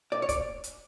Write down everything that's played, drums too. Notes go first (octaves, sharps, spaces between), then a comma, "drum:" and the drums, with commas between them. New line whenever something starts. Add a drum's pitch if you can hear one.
D5
C#5
D5, drum: kick, hi-hat
drum: hi-hat